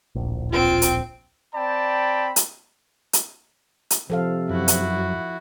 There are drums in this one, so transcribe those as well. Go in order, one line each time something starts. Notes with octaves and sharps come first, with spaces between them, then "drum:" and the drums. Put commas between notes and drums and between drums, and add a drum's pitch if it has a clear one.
D1 A#1
C4 F4 D7
drum: hi-hat
C4 D5 G5 A5 B5
drum: hi-hat
drum: hi-hat
drum: hi-hat
C3 F3 A4 F5
F#2 E4 F#4
drum: hi-hat